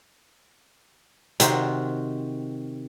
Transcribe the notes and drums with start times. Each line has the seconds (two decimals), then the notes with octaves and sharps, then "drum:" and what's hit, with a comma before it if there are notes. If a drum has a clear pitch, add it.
1.40 C3 D#3 F#4 C5, drum: hi-hat